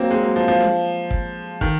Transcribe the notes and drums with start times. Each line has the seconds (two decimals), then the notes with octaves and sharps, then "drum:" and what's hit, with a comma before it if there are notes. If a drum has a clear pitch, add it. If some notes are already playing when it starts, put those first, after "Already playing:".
Already playing: F#3 A#3 C4
0.11 G#3
0.23 F#3
0.36 F3
0.48 F3
0.61 drum: snare D4
1.11 drum: kick
1.61 D#3, drum: kick